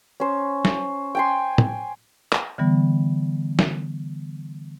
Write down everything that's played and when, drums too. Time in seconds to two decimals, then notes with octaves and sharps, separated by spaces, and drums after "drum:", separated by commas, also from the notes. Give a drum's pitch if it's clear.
0.20 C#4 C5
0.65 drum: snare
1.15 G5 G#5 C6
1.58 drum: tom
2.33 drum: clap
2.58 D3 E3 G3 B3
3.59 drum: snare